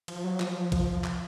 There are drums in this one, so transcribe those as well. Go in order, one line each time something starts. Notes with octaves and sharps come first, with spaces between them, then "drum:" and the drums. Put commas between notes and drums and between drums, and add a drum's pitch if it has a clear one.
F3, drum: cymbal
F#3
F3, drum: clap
drum: kick A1, cymbal
drum: clap